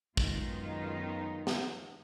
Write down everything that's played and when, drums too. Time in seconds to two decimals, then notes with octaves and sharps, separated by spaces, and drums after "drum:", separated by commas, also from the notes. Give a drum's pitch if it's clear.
0.17 F#2 D#3 G#3 B3 D#4 F4, drum: kick
1.47 drum: snare